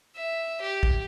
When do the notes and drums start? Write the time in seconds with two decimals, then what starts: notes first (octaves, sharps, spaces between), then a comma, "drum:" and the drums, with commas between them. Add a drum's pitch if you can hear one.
0.16 E5
0.62 G4
0.83 drum: kick